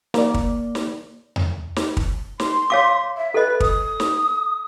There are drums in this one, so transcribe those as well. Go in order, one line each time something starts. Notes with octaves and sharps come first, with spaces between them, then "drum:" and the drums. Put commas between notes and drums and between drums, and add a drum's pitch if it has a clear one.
A#3 D5, drum: snare
drum: kick
drum: snare
drum: tom E2
drum: snare
drum: kick
C6, drum: snare
C#5 F5 D6
E5
A4 B4 D#5
D#6, drum: kick
drum: snare